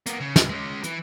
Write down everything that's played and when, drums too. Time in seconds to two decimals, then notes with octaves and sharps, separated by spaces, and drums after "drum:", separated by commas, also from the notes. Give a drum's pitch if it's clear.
0.06 A#3 B3, drum: hi-hat
0.20 C#3
0.36 C#2 G2, drum: snare
0.50 G#3 C#4
0.84 E3, drum: hi-hat